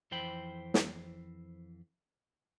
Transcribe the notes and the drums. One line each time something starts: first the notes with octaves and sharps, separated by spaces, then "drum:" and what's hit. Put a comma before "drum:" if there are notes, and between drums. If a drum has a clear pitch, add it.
F2 E3 C5 G5 B5
drum: snare